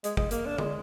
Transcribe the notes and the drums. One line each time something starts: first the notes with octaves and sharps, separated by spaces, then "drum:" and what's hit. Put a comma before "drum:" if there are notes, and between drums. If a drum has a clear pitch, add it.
G#3, drum: hi-hat
G#3, drum: kick
A#3, drum: hi-hat
D4
G#3, drum: tom D3